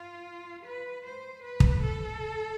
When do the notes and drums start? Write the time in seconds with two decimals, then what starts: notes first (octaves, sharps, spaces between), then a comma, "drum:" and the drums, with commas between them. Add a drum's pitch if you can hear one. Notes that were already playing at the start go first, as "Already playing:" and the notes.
Already playing: F4
0.64 B4
1.04 C5
1.42 B4
1.60 drum: kick
1.82 A4